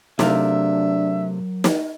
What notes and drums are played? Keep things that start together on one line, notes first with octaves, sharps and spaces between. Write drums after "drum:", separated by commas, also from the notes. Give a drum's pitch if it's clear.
C3 F#3 A3 D4 A#4 E5 F5, drum: snare
drum: snare